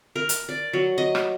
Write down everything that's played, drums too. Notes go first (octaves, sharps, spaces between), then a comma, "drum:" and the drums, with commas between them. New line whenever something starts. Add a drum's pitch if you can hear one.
A#4
drum: hi-hat
D5
F#3
D#5
drum: rim click